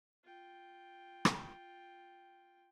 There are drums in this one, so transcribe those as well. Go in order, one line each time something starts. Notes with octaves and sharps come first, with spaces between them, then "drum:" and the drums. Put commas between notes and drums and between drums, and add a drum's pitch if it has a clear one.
F4 G5
drum: rim click